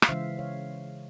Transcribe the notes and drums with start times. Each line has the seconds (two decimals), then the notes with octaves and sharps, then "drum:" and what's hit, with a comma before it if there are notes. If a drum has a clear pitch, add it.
0.02 F5, drum: rim click
0.09 C#3 E3 G#3 C5 E5
0.39 C#5 F5